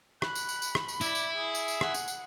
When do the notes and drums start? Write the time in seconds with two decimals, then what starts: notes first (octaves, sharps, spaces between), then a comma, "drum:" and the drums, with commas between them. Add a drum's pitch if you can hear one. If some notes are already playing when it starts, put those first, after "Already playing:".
0.22 B5 F#6, drum: rim click
0.35 drum: tambourine
0.49 drum: tambourine
0.62 drum: tambourine
0.75 drum: rim click
0.88 drum: tambourine
1.01 E4 D5, drum: tambourine
1.15 drum: tambourine
1.34 G#4
1.55 drum: tambourine
1.68 drum: tambourine
1.81 F#5, drum: rim click
1.94 drum: tambourine
2.08 drum: tambourine